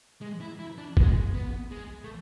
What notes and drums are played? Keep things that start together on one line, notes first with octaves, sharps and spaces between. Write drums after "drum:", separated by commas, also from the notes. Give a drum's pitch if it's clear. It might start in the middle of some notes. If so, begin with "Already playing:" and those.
G#3
E4
E4
D4
G#3, drum: kick
B3
G#3
A3